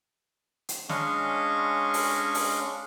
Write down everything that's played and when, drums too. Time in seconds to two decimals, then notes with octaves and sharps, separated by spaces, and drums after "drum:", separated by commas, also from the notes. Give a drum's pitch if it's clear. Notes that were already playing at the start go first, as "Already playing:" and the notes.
0.69 drum: hi-hat
0.89 G#3 C#4 D4 D#5 F5 C#6, drum: snare
1.94 drum: open hi-hat
2.34 drum: open hi-hat